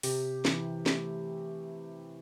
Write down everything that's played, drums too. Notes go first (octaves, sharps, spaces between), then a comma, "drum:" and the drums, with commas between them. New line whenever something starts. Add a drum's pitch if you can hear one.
C3 G4, drum: open hi-hat
E3, drum: snare
A3, drum: snare